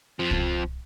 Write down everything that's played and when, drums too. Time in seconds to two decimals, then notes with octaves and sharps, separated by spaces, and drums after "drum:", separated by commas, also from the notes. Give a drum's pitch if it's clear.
0.19 F2 F3
0.31 drum: kick C2